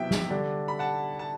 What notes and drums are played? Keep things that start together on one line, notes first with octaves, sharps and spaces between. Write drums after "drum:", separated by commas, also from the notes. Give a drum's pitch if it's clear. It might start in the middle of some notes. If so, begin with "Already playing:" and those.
Already playing: C3 F#3 B3 E4 E5 G5
drum: snare
D3 G3 D4
B5
F#5 A5
A5